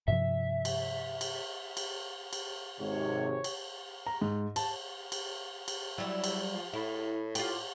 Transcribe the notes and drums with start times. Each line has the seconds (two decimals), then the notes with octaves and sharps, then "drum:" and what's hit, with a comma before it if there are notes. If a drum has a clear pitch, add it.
0.08 G2 C3 F3 E5
0.65 drum: cymbal
1.21 drum: cymbal
1.77 drum: cymbal
2.33 drum: cymbal
2.80 G#1 G#2 C3 C#5
3.44 drum: cymbal
4.07 A#5
4.22 G#2
4.56 A5, drum: cymbal
5.12 drum: cymbal
5.68 drum: cymbal
5.98 F#3 G3 E4
6.24 drum: cymbal
6.53 F3
6.73 A2 E4
7.35 F4 G4, drum: cymbal